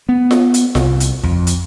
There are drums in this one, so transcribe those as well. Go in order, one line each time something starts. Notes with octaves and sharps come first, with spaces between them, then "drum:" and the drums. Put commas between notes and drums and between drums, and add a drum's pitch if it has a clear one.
B3
drum: snare F4
drum: hi-hat
C2, drum: snare F4
drum: hi-hat
F2, drum: kick
drum: hi-hat